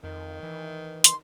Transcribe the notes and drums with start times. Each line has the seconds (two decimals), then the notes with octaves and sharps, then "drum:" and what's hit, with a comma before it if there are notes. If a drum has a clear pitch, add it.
0.04 F2 D#3
0.43 E3
1.04 C6, drum: hi-hat